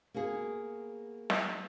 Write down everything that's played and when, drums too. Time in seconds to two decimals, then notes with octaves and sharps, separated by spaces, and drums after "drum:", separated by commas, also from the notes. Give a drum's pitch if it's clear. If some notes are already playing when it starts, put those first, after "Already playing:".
0.14 A#3 B3 F#4 G#4
1.30 drum: snare